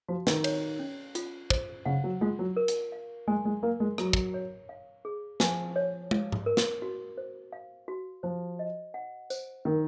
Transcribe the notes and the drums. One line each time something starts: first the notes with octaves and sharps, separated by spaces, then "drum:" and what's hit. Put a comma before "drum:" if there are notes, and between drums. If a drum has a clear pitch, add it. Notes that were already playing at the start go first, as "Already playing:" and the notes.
F3 F#4
D#3, drum: snare
C#5, drum: cymbal
C#4
F4, drum: hi-hat
C5, drum: kick
C#3 F#5
F#3
G#3 F4
F#3
A#4
drum: hi-hat
F5
G#3 G#5
G#3
A#3 A#4
G#3
F#3 A#5, drum: rim click
drum: kick
C#5
F5
G#4
F3 G#5, drum: snare
C#5
F5, drum: tom
drum: tom G#2
A#4
drum: snare
F#4
C5
F5
F#4
F3 C5
D#5
F#5
C5, drum: tambourine
D#3 A#4